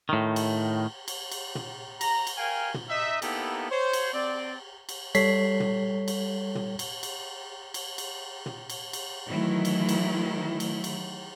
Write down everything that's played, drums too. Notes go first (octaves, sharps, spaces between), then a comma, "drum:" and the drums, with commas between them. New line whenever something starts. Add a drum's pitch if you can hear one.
A2 D#3
drum: cymbal
drum: cymbal
drum: cymbal
drum: tom
A#5, drum: cymbal
drum: cymbal
A#4 F5 G5 G#5
drum: tom
D#4 D#5 E5
A#3 B3 D#4 E4 G4 A4, drum: cymbal
C5 C#5
drum: cymbal
C4 D5
drum: cymbal
G3 A4 C#5 B6 C7, drum: cymbal
drum: tom
drum: cymbal
drum: tom
drum: cymbal
drum: cymbal
drum: cymbal
drum: cymbal
drum: tom
drum: cymbal
drum: cymbal
D#3 E3 F#3 A3 E4
drum: cymbal
drum: cymbal
drum: cymbal
drum: cymbal